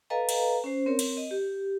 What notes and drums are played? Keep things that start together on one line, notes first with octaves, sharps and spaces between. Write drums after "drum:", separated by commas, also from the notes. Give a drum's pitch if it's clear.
A4 B4 D#5 F5 G#5 A#5
drum: cymbal
C#4 C5
C4 A#4 C#5
drum: cymbal
D#5
G4